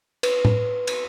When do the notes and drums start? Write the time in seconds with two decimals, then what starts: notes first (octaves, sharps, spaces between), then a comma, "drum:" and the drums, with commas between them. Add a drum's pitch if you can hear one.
0.23 B4, drum: cymbal
0.45 drum: tom A2
0.87 drum: cymbal